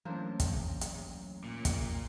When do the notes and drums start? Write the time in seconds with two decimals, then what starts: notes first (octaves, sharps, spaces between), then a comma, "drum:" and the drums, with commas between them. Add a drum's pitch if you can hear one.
0.05 E3 F#3 A3 A#3 C#4 D4 C5
0.40 drum: kick, hi-hat
0.81 drum: hi-hat
1.44 A#2
1.65 drum: kick, hi-hat